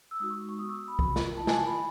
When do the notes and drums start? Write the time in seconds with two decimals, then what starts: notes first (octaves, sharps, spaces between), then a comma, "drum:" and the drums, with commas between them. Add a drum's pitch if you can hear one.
0.11 E6
0.20 G#3 D#4 F#4 D#6
0.30 C#6
0.49 C#6
0.58 B3 F#4 D#6
0.69 E6
0.79 D#6
0.88 B5
0.99 B3 F#4, drum: kick
1.16 drum: snare
1.37 A3 E4 A5
1.47 G#5, drum: snare
1.57 A5
1.67 B5